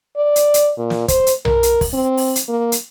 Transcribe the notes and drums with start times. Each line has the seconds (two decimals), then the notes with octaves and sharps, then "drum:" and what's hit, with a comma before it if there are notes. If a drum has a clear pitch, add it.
0.17 D5
0.36 drum: hi-hat
0.54 drum: hi-hat
0.78 A#2
0.90 drum: snare
1.08 C5, drum: kick, hi-hat
1.27 drum: hi-hat
1.45 A#4, drum: tom B1
1.63 drum: hi-hat
1.81 drum: kick, open hi-hat
1.93 C4
2.17 drum: open hi-hat
2.36 drum: hi-hat
2.48 A#3
2.72 drum: hi-hat